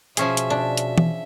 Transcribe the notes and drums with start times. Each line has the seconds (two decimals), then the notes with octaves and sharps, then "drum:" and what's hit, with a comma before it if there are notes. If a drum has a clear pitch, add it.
0.17 B2 F3 C#4 G#4 E5, drum: hi-hat
0.37 drum: hi-hat
0.50 D4
0.77 drum: hi-hat
0.98 drum: tom E3